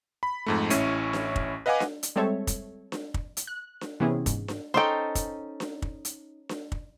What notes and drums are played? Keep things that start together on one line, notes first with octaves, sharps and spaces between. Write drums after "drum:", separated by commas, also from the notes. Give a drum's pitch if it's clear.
B5
F2 G#2 A3
A1 C#4 E4 C#6 D#7, drum: hi-hat
drum: snare D4
drum: kick
B4 D#5 F5 F#5 G#5 D6
drum: snare D4
drum: hi-hat
G3 G#3 C4 A4 C#5 E5
drum: kick, hi-hat
drum: snare D4
drum: kick
drum: hi-hat
F#6
drum: snare D4
C3 E3 B3 C#4 E4 G#4
G#2, drum: kick, hi-hat
drum: snare D4
C#4 D#4 A4 C5 G5
drum: kick, hi-hat
drum: snare D4
drum: kick
drum: hi-hat
drum: snare D4
drum: kick